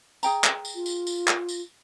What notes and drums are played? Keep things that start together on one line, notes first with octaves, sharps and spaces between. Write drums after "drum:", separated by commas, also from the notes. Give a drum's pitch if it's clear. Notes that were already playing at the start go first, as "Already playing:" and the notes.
G#4 G5 A#5, drum: tambourine
drum: clap
drum: tambourine
F4
drum: tambourine
drum: tambourine
drum: clap
drum: tambourine